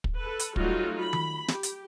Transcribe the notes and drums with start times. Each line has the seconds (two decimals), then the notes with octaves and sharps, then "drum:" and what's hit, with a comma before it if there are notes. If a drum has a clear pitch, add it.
0.04 drum: kick
0.19 A4 B4
0.39 drum: hi-hat
0.56 F#3 G3 A3 D#4 F4 F#4, drum: kick
0.99 B5
1.13 drum: tom D#3
1.48 G4, drum: snare
1.63 drum: hi-hat